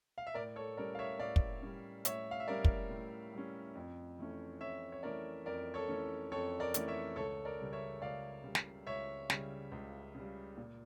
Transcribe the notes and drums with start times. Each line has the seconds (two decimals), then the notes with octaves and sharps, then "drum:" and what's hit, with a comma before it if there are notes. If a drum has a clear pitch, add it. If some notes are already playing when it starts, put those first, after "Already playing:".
0.18 F5
0.27 E5
0.34 A2 A#4 D5
0.56 A4 C#5
0.77 G3 C#4 A#4 D5
0.95 F5
0.99 C#5 E5
1.19 A2 D5 F5
1.36 drum: kick
1.62 G3 C#4
2.05 A2 C#5 E5, drum: hi-hat
2.31 F5
2.40 E5
2.48 G3 C#4 A#4 D5
2.65 drum: kick
2.90 A2
3.34 G3 C#4
3.75 F2
4.18 E3 A3 C#4
4.61 F2 C#5 E5
4.92 C#5
5.03 E3 A3 C#4 A#4 D5
5.46 F2 A#4 D5
5.74 A4 C#5
5.88 E3 A3 C#4
6.31 F2 A4 C#5
6.60 A#4 D5
6.74 E3 A3 C#4, drum: hi-hat
6.88 C#5 E5
7.16 C#2 A4 C#5
7.45 A#4 D5
7.60 C#3 G3
7.73 C#5 E5
8.02 C#2 D5 F5
8.44 C#3 G3
8.55 drum: snare
8.87 C#2 C#5 E5
9.30 C#3 G3, drum: snare
9.72 C#2
10.15 C#3
10.20 G3
10.57 A#2